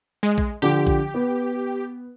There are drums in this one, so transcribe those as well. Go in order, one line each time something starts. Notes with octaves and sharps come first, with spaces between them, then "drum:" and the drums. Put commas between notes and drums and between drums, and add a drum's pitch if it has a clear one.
G#3
drum: kick A#1
D3 F3 G4
drum: kick A#1
B3